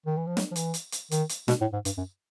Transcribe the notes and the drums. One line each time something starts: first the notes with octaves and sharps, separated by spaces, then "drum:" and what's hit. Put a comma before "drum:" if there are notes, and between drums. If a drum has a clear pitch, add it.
D#3
E3
F3
F#3, drum: snare
F3
E3, drum: hi-hat
drum: hi-hat
drum: hi-hat
D#3, drum: hi-hat
drum: hi-hat
B2, drum: snare
A2
G#2
G2, drum: hi-hat
F#2